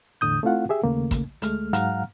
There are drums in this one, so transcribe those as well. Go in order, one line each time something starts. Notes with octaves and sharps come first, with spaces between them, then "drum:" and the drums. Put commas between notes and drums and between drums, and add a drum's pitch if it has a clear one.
E2 A2 D3 D#6 G6
A3 C4 E4 F4 F5 F#5
G4 G#4 E5
D#2 C#3 A3 A#3
drum: kick, hi-hat
D2 G#3 A3 F6, drum: hi-hat
G#2 F#3 F5 F#5 A#5 F6, drum: hi-hat